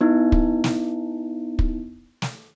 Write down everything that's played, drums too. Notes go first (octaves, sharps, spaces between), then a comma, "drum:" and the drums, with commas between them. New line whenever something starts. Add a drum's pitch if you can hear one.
B3 D#4 E4
drum: kick
drum: snare
drum: kick
drum: snare